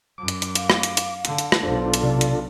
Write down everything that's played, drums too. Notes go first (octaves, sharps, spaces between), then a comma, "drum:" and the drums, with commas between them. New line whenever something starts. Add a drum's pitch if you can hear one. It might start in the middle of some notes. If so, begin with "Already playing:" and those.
F#2 D6
drum: hi-hat
drum: hi-hat
F5, drum: hi-hat
drum: rim click
drum: hi-hat
drum: hi-hat
D3, drum: hi-hat
drum: hi-hat
drum: rim click
B1 D4 F4 A4 C5
drum: hi-hat
C3 D5
drum: hi-hat